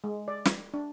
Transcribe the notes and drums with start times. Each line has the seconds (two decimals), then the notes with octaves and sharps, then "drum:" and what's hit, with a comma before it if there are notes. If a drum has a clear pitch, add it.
0.04 G#3
0.28 D5
0.45 drum: snare
0.74 D4